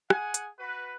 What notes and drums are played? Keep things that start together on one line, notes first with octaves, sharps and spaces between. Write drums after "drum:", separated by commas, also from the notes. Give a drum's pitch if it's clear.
G#4 F#5 G#5, drum: rim click
drum: hi-hat
F#4 B4